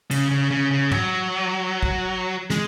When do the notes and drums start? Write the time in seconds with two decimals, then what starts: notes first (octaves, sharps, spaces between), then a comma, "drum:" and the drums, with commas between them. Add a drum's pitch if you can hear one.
0.11 C#3, drum: cymbal
0.31 C#3
0.51 C#3
0.71 C#3
0.91 F#3, drum: tom
1.83 drum: kick
2.50 G#3, drum: snare